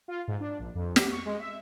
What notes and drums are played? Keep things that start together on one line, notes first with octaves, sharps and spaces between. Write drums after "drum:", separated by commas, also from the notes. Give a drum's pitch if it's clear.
F4
G#2
D4
A#1
F2
G4, drum: snare
C#6
G#3
E5